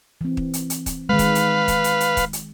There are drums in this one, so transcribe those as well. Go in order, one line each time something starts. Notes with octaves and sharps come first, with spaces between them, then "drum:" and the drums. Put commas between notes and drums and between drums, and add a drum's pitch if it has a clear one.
E3 C4
drum: kick
drum: hi-hat
drum: hi-hat
drum: kick, hi-hat
D#3 G#3 B4 F5
drum: kick, hi-hat
drum: hi-hat
drum: kick, hi-hat
drum: hi-hat
drum: hi-hat
drum: kick, hi-hat
drum: hi-hat